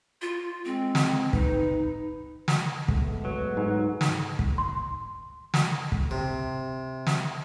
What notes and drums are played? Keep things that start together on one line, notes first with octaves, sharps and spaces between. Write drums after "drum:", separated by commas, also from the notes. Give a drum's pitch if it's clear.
F4
G#3 C4
drum: snare
D#4 B4, drum: kick
drum: snare
G#3 A3 B3, drum: kick
F#3 B4
G#2
drum: snare
drum: kick
C6
drum: snare
drum: kick
C3
drum: snare